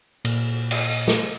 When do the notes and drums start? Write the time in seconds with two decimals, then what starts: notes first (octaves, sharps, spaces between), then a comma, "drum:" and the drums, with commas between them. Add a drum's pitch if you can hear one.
0.25 A#2, drum: cymbal
0.71 drum: cymbal
1.08 drum: snare